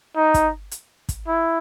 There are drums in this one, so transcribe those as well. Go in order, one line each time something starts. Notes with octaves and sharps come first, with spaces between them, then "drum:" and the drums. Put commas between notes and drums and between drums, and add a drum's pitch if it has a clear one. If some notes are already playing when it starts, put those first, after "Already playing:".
D#4
drum: kick, hi-hat
drum: hi-hat
drum: kick, hi-hat
E4